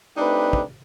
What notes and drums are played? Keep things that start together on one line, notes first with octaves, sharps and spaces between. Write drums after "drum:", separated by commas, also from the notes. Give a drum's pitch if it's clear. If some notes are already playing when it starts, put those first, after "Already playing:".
A3 C4 D4 D#4 G4 B4
drum: kick